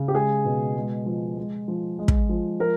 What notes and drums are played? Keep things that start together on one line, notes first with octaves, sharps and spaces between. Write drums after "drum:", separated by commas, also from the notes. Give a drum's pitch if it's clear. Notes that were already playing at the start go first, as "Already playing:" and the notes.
Already playing: C#3
G4
G#3 G#4
B2
G#3
F3
G#3
F3
G#3
drum: kick
F3
F3 A#4